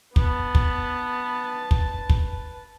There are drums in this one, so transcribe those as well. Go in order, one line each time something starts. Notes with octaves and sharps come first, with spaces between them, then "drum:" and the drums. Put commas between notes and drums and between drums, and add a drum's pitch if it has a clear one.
B3 B4 A5, drum: kick
drum: kick
drum: kick
drum: kick